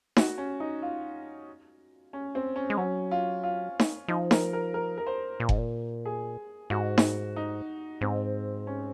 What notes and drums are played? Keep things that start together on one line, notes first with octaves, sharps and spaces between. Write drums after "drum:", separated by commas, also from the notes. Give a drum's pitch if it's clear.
F#4, drum: snare D#4
C#4
D#4
F4
C#4
C4
C#4
G#3
F#3 C#4
F4
F4
drum: snare D#4
F3 D#4
A#4, drum: snare D#4
A#4
A#4
A#4
C5
A#2
G#2, drum: kick F#1
A#2
G#4
G#2 F#4
drum: snare D#4
D#4
G#2 C4
C#4